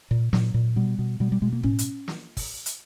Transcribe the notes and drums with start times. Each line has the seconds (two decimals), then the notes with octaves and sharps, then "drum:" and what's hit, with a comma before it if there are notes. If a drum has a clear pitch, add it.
0.11 A#2
0.33 A#2 F#3, drum: snare
0.54 A#2
0.76 B2 G3
0.99 B2
1.20 B2 G3
1.32 G3
1.42 B2 G#3
1.53 A#3
1.63 A2 C#4, drum: kick
1.79 drum: hi-hat
2.08 drum: snare
2.37 drum: kick, open hi-hat
2.66 drum: hi-hat